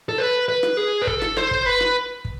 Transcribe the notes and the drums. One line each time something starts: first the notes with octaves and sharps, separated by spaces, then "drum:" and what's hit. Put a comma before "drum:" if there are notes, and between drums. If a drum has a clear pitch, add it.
A4
B4
B4
drum: rim click
G#4
B4
A4, drum: kick
drum: rim click
C5, drum: rim click
drum: kick
B4
drum: rim click
drum: kick